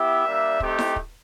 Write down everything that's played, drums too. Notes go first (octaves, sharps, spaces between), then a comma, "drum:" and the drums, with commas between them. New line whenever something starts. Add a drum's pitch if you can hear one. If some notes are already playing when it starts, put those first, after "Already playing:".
Already playing: B3 E4 G4 E5
G3 A#3 D4
A3 C4 D#4 G4, drum: kick
drum: snare E4
drum: kick